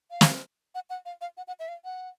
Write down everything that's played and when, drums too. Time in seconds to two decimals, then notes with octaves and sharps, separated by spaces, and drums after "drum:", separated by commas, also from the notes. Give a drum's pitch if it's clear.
0.11 F5
0.21 drum: snare
0.75 F#5
0.90 F#5
1.06 F5
1.21 F5
1.37 F#5
1.48 F#5
1.59 E5
1.68 F5
1.85 F#5